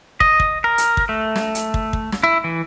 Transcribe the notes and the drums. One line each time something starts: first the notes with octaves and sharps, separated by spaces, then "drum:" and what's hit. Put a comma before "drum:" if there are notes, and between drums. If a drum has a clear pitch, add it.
D#5, drum: kick
drum: kick
A#4
drum: hi-hat
drum: kick
A3
drum: snare
drum: hi-hat
drum: kick
drum: kick
drum: snare
E4
E3